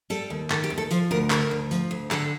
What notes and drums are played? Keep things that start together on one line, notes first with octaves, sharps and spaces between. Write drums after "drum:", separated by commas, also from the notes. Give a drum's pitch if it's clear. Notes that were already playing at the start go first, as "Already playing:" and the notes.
G3 A4, drum: hi-hat
D#2
D#3 A4, drum: clap
G4
D#2
A4
F3 C5, drum: hi-hat
D2 A#4
D3 A#4, drum: clap
D2
F3, drum: hi-hat
D2
D3 A4, drum: clap